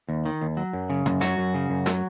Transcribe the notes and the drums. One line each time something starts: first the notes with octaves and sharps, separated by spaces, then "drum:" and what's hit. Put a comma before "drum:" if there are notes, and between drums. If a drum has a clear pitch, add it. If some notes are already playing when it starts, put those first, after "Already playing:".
D#2
D#3
D#2
F#3
F#2
C#3
F#2, drum: tom
F#3 F#4, drum: snare
F#2
C#3
F#2
F#3, drum: snare